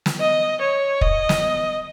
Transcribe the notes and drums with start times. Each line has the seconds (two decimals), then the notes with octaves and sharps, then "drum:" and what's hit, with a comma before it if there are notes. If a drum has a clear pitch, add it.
0.06 drum: snare
0.20 D#5
0.62 C#5
1.01 D#5, drum: kick
1.29 drum: snare